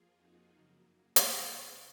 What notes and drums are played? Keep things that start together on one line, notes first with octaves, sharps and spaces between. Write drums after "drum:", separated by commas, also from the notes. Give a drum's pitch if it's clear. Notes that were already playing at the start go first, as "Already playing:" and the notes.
Already playing: F2 F3 A#3 F4 G#4
D#4 F#4
F#2 C#3 F#3 A#3
drum: hi-hat